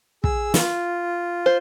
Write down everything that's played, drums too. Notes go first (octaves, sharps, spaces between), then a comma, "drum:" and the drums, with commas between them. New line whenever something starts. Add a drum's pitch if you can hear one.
G#4 E6, drum: kick
F4, drum: snare
C5